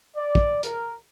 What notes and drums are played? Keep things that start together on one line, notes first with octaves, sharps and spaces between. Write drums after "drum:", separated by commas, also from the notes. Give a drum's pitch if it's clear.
D5
drum: kick
A#4, drum: hi-hat